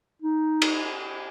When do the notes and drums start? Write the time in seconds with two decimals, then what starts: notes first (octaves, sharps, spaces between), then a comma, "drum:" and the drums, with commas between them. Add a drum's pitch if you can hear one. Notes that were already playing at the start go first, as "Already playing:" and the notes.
0.22 D#4
0.62 drum: cymbal